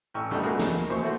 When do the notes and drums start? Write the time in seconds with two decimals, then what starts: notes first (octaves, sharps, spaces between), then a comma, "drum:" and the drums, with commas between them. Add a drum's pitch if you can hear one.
0.14 A1 G5 C#6 E6
0.31 D2 G3 A3 D4 D#5
0.43 B1 A3 F#4 G#4 A#4
0.60 drum: snare
0.90 D#2 E3 C5 C#6, drum: hi-hat
1.03 A3 E4 F#4